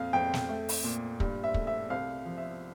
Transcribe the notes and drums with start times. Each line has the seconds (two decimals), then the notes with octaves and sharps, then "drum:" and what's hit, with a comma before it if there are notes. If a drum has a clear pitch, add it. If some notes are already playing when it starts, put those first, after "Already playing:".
Already playing: F2 A#2 F5
0.13 F2 G5
0.34 drum: snare
0.49 A3
0.69 drum: open hi-hat
0.84 A#2
1.20 G2, drum: kick
1.44 E5
1.54 A3, drum: kick
1.67 E5
1.90 C2 F5
2.25 F3
2.38 E5